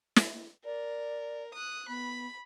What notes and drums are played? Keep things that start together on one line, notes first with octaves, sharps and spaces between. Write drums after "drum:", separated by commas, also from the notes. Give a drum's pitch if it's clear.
drum: snare
A#4 D5
D#6 F#6
B3 B5